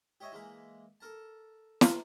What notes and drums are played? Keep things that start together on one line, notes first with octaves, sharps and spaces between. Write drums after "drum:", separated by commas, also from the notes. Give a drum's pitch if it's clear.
G4 C#5 D#5 E5 G#5
E3 G#3 A#3 B5
A4 A#4 A5
drum: snare